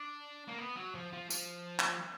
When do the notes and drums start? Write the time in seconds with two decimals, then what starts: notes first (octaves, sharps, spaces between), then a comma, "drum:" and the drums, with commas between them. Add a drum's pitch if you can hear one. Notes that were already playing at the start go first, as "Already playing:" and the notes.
Already playing: D4
0.48 A#3
0.58 B3
0.76 F#3
0.95 F3
1.13 F3
1.30 F3, drum: tambourine
1.79 drum: clap